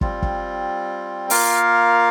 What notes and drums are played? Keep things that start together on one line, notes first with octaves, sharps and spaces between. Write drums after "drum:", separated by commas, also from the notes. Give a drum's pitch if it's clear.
G3 C4 F4, drum: kick
drum: kick
A#3 F4 A#4 F5, drum: open hi-hat